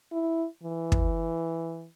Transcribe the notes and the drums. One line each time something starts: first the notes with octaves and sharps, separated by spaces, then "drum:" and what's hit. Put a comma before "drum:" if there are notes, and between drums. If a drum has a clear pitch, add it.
E4
E3
drum: kick